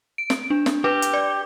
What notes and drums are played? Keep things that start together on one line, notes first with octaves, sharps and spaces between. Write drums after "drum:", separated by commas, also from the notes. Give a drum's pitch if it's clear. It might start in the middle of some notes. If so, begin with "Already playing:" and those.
D7
drum: snare
D4
drum: snare
G4 B4
drum: hi-hat
D5